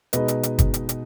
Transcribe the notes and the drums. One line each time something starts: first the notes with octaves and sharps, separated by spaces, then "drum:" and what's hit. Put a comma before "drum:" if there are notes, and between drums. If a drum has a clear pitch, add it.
B2 G#3 D#4 B4 D#5, drum: hi-hat
drum: hi-hat
drum: hi-hat
drum: kick, hi-hat
drum: hi-hat
drum: hi-hat